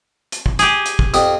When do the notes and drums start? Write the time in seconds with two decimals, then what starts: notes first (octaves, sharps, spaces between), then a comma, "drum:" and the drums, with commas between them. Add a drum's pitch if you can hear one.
0.32 drum: hi-hat
0.46 drum: kick
0.59 G4 G#4, drum: hi-hat
0.86 drum: hi-hat
0.99 drum: kick
1.14 F2 G4 D#6, drum: hi-hat